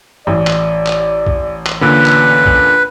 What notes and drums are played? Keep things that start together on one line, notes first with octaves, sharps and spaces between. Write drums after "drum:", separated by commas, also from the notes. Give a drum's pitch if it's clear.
A1 D5
drum: clap
drum: clap
drum: kick
drum: clap
A#2 D3 C#4 B4
drum: clap
drum: kick